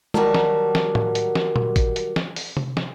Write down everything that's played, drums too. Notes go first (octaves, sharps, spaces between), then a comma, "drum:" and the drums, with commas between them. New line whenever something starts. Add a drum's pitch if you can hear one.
D#3 F#3 G3 F#4 A#4 A5, drum: tom G#3
drum: snare
drum: snare
drum: tom A2
drum: hi-hat
drum: snare
drum: tom
drum: kick A1, hi-hat
drum: hi-hat
drum: snare
drum: open hi-hat
drum: tom C3
drum: snare